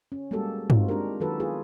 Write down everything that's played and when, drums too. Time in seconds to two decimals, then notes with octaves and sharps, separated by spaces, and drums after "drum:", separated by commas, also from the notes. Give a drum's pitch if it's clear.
0.12 C#4
0.31 G3 G#3 A#3 F#4 G4 A4
0.70 G#3 C4 D#4 F4 F#4, drum: tom
0.88 G#3 D4 D#4 G4 A#4
1.20 D#3 F#3 E4 F#4 A4 B4
1.40 B3 F4 G#4 B4